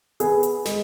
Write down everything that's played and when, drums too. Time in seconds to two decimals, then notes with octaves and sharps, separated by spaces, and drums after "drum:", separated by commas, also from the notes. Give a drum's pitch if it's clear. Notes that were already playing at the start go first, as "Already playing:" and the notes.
0.20 B3 G#4, drum: hi-hat
0.43 drum: hi-hat
0.65 G#3, drum: snare